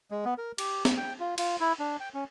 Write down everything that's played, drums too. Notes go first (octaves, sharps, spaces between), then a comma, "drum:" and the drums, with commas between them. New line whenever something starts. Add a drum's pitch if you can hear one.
G#3
B3
A#4
G4, drum: cymbal
drum: snare
G5
F4
F4, drum: cymbal
E4
D4
G5
C#4